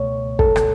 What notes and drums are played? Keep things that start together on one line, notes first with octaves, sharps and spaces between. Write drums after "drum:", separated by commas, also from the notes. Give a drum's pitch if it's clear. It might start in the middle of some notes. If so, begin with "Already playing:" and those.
Already playing: C#2 B2 A3 C#5
A4, drum: kick
drum: rim click